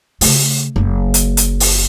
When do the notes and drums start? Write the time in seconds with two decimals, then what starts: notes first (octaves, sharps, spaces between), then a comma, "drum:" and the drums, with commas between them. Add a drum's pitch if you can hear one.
0.21 C#3 A3, drum: open hi-hat
0.76 F#1 A#3
1.14 drum: hi-hat
1.37 drum: hi-hat
1.60 drum: open hi-hat